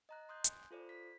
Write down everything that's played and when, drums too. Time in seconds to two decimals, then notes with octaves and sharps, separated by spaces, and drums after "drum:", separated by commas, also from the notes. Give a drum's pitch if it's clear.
0.09 D#5 A#5 F#6
0.29 C6 D#6 F#6 G6
0.44 G#5, drum: hi-hat
0.71 F4 A4 C5 D5
0.89 B6